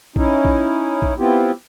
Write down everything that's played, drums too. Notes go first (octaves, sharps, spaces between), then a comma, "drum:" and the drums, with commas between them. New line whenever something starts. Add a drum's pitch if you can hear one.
C#4 D#4 E4, drum: kick A#1
drum: kick A#1
drum: kick A#1
B3 C4 E4 F4 G4